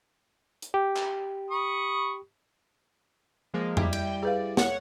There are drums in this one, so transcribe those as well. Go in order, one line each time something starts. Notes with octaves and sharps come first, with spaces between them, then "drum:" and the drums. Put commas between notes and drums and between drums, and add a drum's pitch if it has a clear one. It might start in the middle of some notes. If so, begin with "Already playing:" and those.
drum: hi-hat
G4
drum: clap
B5 C#6 D#6
F3 G#3 A#3
G3 E4 G4, drum: tom F2
G5, drum: cymbal
G#4 B4 D5 F5
C#5 F#5, drum: snare